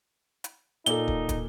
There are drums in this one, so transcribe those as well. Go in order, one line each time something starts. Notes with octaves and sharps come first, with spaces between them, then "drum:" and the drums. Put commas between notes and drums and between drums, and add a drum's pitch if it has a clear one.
drum: hi-hat
A#2 D#4 A4 G7, drum: hi-hat
drum: kick
drum: kick, hi-hat